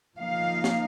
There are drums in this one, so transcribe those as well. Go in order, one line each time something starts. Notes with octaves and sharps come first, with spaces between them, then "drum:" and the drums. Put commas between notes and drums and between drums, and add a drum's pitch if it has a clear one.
F3 A#3 D#4 F5
drum: snare